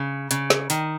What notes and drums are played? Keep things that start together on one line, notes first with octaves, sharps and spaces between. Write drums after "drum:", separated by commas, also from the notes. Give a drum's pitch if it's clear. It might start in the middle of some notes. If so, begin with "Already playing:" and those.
Already playing: C#3
C#3, drum: hi-hat
drum: snare
D#3, drum: hi-hat